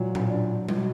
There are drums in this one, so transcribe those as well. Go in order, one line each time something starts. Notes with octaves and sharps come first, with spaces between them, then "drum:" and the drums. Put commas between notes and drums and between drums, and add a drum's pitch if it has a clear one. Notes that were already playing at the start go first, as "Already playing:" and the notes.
Already playing: A#2 E3 F#3
drum: tom A2
D4
B2, drum: tom G3